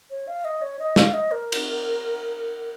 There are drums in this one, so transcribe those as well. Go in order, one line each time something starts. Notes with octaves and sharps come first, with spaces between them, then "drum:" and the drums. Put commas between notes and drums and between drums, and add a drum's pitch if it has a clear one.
C#5
F5
D#5
C#5
D#5
F5, drum: snare
D#5
A#4
drum: cymbal